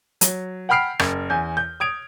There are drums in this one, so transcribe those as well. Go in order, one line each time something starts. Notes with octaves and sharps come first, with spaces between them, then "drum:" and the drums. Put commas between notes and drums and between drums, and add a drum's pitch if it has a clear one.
F#3, drum: hi-hat
F#5 G5 B5 F6 C7 D7
F#1, drum: rim click
E2 G#5 G6
G6
D#6 G#6 D7 F7